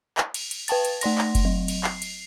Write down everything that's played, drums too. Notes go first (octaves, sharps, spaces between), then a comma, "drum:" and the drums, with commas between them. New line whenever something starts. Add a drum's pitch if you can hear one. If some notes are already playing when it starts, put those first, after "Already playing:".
drum: clap
drum: cymbal
drum: cymbal
B4 G5 A5 A6, drum: cymbal
drum: cymbal
A3 D5 C6 A#6, drum: cymbal
drum: clap
drum: kick F#1, cymbal
F#3
drum: cymbal
C7, drum: clap
drum: cymbal